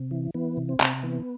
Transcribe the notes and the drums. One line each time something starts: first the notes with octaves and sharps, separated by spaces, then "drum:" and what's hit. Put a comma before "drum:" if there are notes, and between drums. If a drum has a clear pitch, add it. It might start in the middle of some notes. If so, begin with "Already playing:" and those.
Already playing: C3
E3
E3 B3
C3
C4
C3, drum: clap
E3 B3